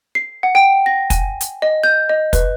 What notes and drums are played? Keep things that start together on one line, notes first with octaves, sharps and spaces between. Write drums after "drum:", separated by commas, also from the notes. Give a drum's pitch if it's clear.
C7
F#5
G5
A#6
G#5, drum: kick, hi-hat
drum: hi-hat
D#5
G6
D#5
B4, drum: kick, hi-hat